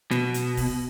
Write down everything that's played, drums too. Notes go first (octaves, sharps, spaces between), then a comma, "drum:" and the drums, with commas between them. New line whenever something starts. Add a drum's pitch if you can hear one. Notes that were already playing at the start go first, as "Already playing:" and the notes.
B2, drum: snare
drum: hi-hat
drum: kick, open hi-hat